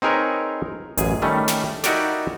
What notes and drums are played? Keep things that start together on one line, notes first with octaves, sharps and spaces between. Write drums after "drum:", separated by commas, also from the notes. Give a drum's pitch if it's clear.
C4 D#4 G#4 A#4 B4 C#5
A1 F#2 G#4, drum: hi-hat
D#3 G3 A3 C#4
drum: snare
D#4 E4 F#4 G4 A#4 D5, drum: snare